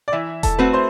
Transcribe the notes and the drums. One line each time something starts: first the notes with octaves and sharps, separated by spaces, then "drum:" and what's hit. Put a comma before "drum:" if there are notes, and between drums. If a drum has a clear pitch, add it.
D5
E3 E4 E5
A4 A5, drum: kick E1, hi-hat
A3 C4 F#4 B4
C5 C6